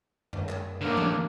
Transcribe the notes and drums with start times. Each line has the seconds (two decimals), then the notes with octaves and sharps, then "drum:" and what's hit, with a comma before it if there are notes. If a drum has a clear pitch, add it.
0.33 drum: tom F#2
0.49 drum: clap
0.81 A2 D3 A#3 D4
0.97 drum: tom E3